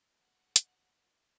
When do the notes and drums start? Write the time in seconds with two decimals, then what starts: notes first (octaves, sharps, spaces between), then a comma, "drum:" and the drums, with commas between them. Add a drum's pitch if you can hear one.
0.20 F#5
0.56 drum: hi-hat